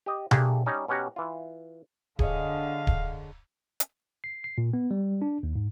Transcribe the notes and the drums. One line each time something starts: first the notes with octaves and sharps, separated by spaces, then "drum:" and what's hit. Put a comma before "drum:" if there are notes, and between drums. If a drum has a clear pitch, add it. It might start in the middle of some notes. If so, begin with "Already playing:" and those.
G4 D#5
A3 A#3 D4 G4 G#4, drum: tom B2
G3 C#4 D#4
B2 C#4 G4 F#5 A#5
E3 F4
D3 G#4 C#5 D#5 F5, drum: kick D1
drum: kick D1
drum: hi-hat
C7
C7
A#2
B3
G3
D4
D#2
G#2